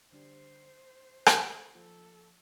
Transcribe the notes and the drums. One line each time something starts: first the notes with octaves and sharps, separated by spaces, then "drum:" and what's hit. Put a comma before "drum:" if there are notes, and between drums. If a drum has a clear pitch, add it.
D3 G3 D4 G4 C5
drum: rim click
F3 A#3 F4 A4